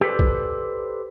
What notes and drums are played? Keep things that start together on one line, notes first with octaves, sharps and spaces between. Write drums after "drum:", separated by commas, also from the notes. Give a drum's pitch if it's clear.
G4 A4 B4 C5 D5
drum: kick A#1